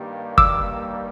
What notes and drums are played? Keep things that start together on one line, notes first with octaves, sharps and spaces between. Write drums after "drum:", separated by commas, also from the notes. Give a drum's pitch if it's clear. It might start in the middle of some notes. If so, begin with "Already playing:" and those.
Already playing: G2 D#3 G3 A#3
D6 E6, drum: kick